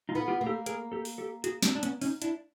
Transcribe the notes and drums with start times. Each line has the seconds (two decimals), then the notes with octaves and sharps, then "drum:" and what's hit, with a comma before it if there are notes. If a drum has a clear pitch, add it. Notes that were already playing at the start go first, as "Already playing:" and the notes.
0.09 D#4 F4
0.15 B3
0.28 F4 G4
0.41 A#3
0.46 G4 A4
0.66 G#4 A#4, drum: hi-hat
0.92 G4 A4
1.05 drum: open hi-hat
1.18 G4 A4
1.44 F#4 G#4, drum: hi-hat
1.62 C4 D4, drum: snare
1.75 D4
1.83 B3 C#4, drum: hi-hat
2.01 C#4 D#4, drum: open hi-hat
2.22 D4 E4, drum: hi-hat